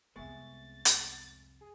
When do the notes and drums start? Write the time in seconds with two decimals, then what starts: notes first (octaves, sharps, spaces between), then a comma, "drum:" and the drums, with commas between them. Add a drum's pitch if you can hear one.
0.16 C2 F2 G#3 B3 E5 G#5 C#6 A6
0.85 drum: hi-hat
1.61 G#4